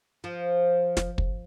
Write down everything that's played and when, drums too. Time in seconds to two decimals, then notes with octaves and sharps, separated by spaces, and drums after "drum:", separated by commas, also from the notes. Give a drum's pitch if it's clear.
0.24 F3
0.97 drum: snare
1.18 drum: kick